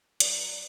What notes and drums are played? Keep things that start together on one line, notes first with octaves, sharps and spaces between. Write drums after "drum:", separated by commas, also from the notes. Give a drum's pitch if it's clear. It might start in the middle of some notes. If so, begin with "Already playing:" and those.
F#3 B4 D5, drum: hi-hat